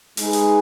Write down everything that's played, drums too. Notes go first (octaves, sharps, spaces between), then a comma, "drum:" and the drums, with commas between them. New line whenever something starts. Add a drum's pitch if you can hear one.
G#3 D#4 G#4 B4, drum: open hi-hat
drum: hi-hat